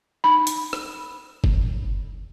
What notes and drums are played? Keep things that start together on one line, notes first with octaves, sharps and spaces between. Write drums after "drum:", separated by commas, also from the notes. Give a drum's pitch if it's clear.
D#4 B5
drum: hi-hat
drum: rim click
drum: kick F#1